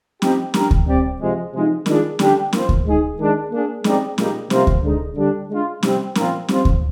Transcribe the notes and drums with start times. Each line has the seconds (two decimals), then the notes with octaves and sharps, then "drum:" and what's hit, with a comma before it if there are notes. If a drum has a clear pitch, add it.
0.22 F3 C4 D#4 G4, drum: snare C#4
0.54 G3 D4 G4 A#4, drum: snare C#4
0.71 drum: kick D2
0.87 G3 C4 G4 D5
1.21 C3 F3 G#3
1.53 C3 F3 G#3 D#4
1.86 D#3 G#3 D4 F4 G#4, drum: snare C#4
2.19 D3 G3 D4 G4, drum: snare C#4
2.53 A#3 F4 C5, drum: snare C#4
2.69 drum: kick D2
2.86 G#3 D#4 G#4
3.18 D#3 G#3 D4
3.51 A#3 D4 G#4
3.84 G#3 C4 D#4 G4 D5, drum: snare C#4
4.18 A#2 G#3 D#4 G4, drum: snare C#4
4.50 C3 G3 A#3 F4 C5, drum: snare C#4
4.67 drum: kick D2
4.83 D3 G#3 D#4
5.16 D3 G3 D4
5.50 G#3 D4 F4
5.83 C3 G3 C4, drum: snare C#4
6.15 A#2 F3 C4 F4 A#4, drum: snare C#4
6.48 G3 C4 F4 C5, drum: snare C#4
6.65 drum: kick D2